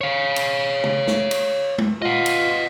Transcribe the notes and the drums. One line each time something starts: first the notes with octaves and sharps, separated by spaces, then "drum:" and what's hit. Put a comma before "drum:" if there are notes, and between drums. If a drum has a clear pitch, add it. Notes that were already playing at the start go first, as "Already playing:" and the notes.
C#5 F5
drum: cymbal
drum: tom
drum: snare
drum: cymbal
drum: tom G#3
F4 D#5 F#5
drum: cymbal